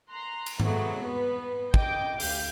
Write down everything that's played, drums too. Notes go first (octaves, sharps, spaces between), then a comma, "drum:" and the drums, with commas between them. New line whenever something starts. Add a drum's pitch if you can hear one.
A#5 C6 F#6
drum: cymbal
C3 F#3 G#3 A3 B3, drum: tom G#2
B3 B4
D#5 G5 D6 G6, drum: kick
D2 G4 F5 G6, drum: open hi-hat